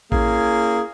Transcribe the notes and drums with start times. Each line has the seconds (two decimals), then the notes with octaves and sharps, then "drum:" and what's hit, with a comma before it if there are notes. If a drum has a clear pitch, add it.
0.12 A#3 C#4 E4 G#4, drum: kick A1